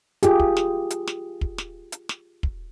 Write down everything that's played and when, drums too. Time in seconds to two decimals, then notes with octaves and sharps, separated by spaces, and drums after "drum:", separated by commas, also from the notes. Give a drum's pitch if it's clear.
0.23 F4 G4 G#4, drum: hi-hat
0.40 drum: kick
0.57 drum: snare
0.90 drum: hi-hat
1.07 drum: snare
1.41 drum: kick
1.58 drum: snare
1.92 drum: hi-hat
2.09 drum: snare
2.43 drum: kick